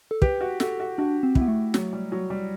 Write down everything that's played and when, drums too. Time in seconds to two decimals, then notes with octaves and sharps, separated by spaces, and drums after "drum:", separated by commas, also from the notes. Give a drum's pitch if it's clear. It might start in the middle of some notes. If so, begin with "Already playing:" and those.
0.11 A4
0.22 G4 B4, drum: kick
0.41 F#4
0.60 F#4 A4, drum: snare
0.80 F#4
0.98 D4 F#4
1.23 C4
1.35 E4, drum: kick
1.41 B3
1.48 A3
1.74 F#3, drum: snare
1.93 G3
2.12 F#3
2.30 G3